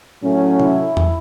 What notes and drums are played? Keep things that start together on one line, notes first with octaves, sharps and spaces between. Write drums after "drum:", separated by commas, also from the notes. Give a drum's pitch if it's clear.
A2 F#3 A3 C#4
E4, drum: tom C3
drum: tom E2